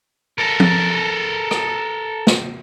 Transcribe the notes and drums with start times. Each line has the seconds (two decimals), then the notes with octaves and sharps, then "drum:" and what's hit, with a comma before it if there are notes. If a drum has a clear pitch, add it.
0.38 A4 A#4
0.60 drum: tom F3
1.51 drum: rim click
2.27 drum: snare